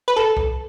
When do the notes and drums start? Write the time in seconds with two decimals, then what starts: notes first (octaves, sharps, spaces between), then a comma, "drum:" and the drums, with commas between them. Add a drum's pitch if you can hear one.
0.08 B4
0.16 A4
0.37 drum: kick C2